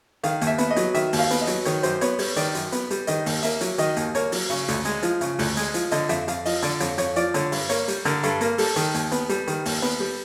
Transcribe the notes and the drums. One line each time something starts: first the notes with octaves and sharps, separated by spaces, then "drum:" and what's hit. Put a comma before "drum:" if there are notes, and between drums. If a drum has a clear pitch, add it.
D#3 F5, drum: hi-hat
D#2, drum: hi-hat
E5
B3, drum: hi-hat
D#5
F#3, drum: hi-hat
D#3 E5, drum: hi-hat
D#2, drum: open hi-hat
F5
B3, drum: hi-hat
D#5
F#3, drum: hi-hat
D#3 C#5, drum: hi-hat
F#2 C5, drum: hi-hat
B3 C#5, drum: hi-hat
G3 C#5, drum: open hi-hat
D#3 D5, drum: hi-hat
F#2, drum: hi-hat
B3, drum: hi-hat
G3, drum: hi-hat
D#3 D#5, drum: hi-hat
D#2, drum: open hi-hat
A#3 E5, drum: hi-hat
F#3, drum: hi-hat
D#3 D#5, drum: hi-hat
D#2, drum: hi-hat
A#3 C#5, drum: hi-hat
F#3, drum: open hi-hat
C#3
D2, drum: hi-hat
G#3, drum: hi-hat
F3, drum: hi-hat
C#3, drum: hi-hat
D2, drum: open hi-hat
G#3, drum: hi-hat
F3, drum: hi-hat
D3 D#5, drum: hi-hat
F2 E5, drum: hi-hat
F2 F5, drum: hi-hat
F3 D#5, drum: open hi-hat
D3 D5, drum: hi-hat
F2 C#5, drum: hi-hat
F2 C#5, drum: hi-hat
F3 D5, drum: hi-hat
D3 C#5, drum: hi-hat
G2, drum: open hi-hat
A#3 C#5, drum: hi-hat
G3, drum: hi-hat
D3 A#4, drum: hi-hat
G2 A4, drum: hi-hat
A#3, drum: hi-hat
G3 A4, drum: open hi-hat
D#3, drum: hi-hat
D#2, drum: hi-hat
B3, drum: hi-hat
G3, drum: hi-hat
D#3, drum: hi-hat
D#2, drum: open hi-hat
B3
G3